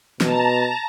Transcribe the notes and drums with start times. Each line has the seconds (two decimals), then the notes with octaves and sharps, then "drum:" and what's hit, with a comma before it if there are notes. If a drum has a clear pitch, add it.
0.21 B2 A5 A#5, drum: snare